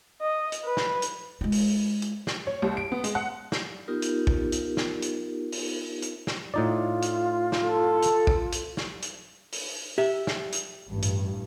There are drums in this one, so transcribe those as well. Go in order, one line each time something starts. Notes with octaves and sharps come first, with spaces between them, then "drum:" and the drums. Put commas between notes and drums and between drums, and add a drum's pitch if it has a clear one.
D#5
drum: hi-hat
B4
drum: snare
drum: hi-hat
G#3 F4
drum: open hi-hat
drum: hi-hat
drum: snare
C#5
C2
D7
B3
G#3, drum: hi-hat
F#5
drum: snare
B3 D#4 F4 G4 A#4
drum: hi-hat
drum: kick
drum: hi-hat
drum: snare
drum: hi-hat
drum: open hi-hat
drum: hi-hat
drum: snare
A2 D#4 F4 D5
drum: hi-hat
drum: snare
A4
drum: hi-hat
drum: kick
drum: hi-hat
drum: snare
drum: hi-hat
drum: open hi-hat
G4 E5
drum: snare
drum: hi-hat
A1 G2
drum: hi-hat